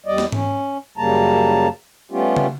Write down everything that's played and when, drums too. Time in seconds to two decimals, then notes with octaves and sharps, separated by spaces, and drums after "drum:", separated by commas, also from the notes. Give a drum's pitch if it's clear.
0.06 E2 G3 D5 D#5
0.18 drum: snare
0.32 C#4, drum: tom G#2
0.98 F#2 C#3 G3 A#3 A5 A#5
2.11 G3 A3 B3 C#4 F4 G4
2.36 drum: tom C#3